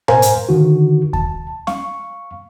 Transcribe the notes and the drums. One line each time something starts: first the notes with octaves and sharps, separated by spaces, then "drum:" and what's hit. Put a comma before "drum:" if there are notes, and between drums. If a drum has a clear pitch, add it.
A#4 C5 F5 G#5 A#5, drum: tom A2
drum: hi-hat
D3 D#3 F#4
A5, drum: kick D#2
F5 C#6, drum: snare